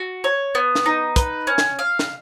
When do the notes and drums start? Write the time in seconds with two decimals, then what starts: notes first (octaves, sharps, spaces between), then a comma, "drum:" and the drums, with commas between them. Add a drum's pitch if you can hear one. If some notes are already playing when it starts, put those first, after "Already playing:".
Already playing: F#4
0.24 C#5
0.55 B3
0.75 drum: snare
0.86 D#4
1.16 B4, drum: kick, hi-hat
1.47 C#4
1.58 drum: snare
1.79 F5
1.99 drum: snare